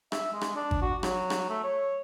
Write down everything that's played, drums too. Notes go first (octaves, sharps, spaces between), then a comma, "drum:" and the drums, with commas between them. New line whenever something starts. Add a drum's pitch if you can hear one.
E5, drum: rim click
G#3
drum: rim click
D4
drum: kick G#1
F#4
F#3, drum: rim click
drum: rim click
A3
C#5